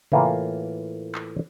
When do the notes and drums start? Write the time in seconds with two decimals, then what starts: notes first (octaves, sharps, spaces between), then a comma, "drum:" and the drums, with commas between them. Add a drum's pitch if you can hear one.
0.12 A2 E3 A#3 F4, drum: tom C3
1.15 drum: clap